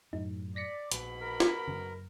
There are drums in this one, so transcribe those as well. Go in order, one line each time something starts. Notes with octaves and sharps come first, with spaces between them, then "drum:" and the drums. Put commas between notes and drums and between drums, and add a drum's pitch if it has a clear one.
F#2 A2 D#4
D5 A#6 B6 C#7
A#1 G#2 B2 B5, drum: hi-hat
A#4
drum: snare
F#1 C#3 D4